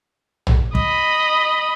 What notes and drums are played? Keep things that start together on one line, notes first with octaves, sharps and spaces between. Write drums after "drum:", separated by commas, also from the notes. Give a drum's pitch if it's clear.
drum: tom A#1
D#5 B5, drum: kick